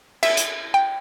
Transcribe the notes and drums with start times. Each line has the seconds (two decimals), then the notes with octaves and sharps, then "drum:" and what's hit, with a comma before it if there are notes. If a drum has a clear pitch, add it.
0.23 E5, drum: cymbal
0.37 drum: hi-hat
0.74 G5